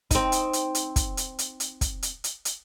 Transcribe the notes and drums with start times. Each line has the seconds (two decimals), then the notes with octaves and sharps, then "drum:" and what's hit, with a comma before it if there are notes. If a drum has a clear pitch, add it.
0.11 C4 D#4, drum: kick, hi-hat
0.32 drum: hi-hat
0.53 drum: hi-hat
0.75 drum: hi-hat
0.96 drum: kick, hi-hat
1.17 drum: hi-hat
1.39 drum: hi-hat
1.60 drum: hi-hat
1.81 drum: kick, hi-hat
2.03 drum: hi-hat
2.24 drum: hi-hat
2.45 drum: hi-hat